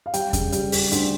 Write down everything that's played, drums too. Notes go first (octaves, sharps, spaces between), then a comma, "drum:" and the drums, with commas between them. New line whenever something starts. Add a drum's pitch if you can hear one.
F5
G3 G5, drum: hi-hat
C#3, drum: kick E2, hi-hat
G3, drum: hi-hat
G3, drum: open hi-hat
D2, drum: hi-hat